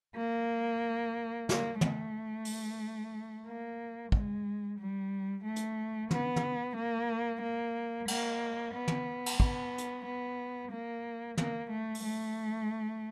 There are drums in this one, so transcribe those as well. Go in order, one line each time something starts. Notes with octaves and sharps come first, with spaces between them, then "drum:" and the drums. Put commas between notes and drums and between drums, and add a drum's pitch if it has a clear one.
A#3
A#3, drum: snare
A3, drum: tom
drum: open hi-hat
A#3
G#3, drum: kick
G3
A3
drum: hi-hat
B3, drum: tom
drum: tom
A#3
A#3
A#3, drum: cymbal
B3
drum: tom
drum: cymbal
B3, drum: kick
drum: hi-hat
B3
A#3
A#3, drum: tom
A3
drum: open hi-hat
A3